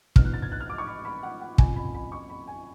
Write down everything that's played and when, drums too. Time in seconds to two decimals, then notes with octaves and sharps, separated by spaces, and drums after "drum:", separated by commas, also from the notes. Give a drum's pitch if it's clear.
0.16 A1 G#2 F3 B3 D4 F6, drum: kick
0.25 F#6
0.34 A6
0.42 G#6
0.52 F#6
0.60 F6
0.70 D6
0.78 C#6
0.87 B5
1.05 B5
1.23 F#5
1.41 F#5
1.58 F#1 F2 F3 G#5, drum: kick
1.76 B5
1.94 B5
2.12 C#6
2.29 B5
2.47 G#5